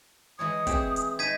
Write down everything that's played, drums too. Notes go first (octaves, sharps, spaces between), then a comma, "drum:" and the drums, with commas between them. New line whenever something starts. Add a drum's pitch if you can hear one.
E3 G#3 C#5 D#6
C4 G4 G#4, drum: kick, hi-hat
drum: hi-hat
G#3 D#4 G#6 B6 D#7